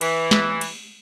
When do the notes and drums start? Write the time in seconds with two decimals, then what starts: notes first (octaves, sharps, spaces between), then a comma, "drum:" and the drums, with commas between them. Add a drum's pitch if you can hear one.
0.01 E3, drum: cymbal
0.31 drum: snare
0.61 drum: cymbal